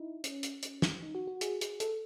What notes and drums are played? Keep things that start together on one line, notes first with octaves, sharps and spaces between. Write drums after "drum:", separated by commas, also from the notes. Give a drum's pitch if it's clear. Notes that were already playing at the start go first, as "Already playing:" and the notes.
Already playing: D#4 E4
C#4, drum: hi-hat
drum: hi-hat
drum: hi-hat
drum: snare
D#4
F#4
F#4
G#4, drum: hi-hat
G#4, drum: hi-hat
A4, drum: hi-hat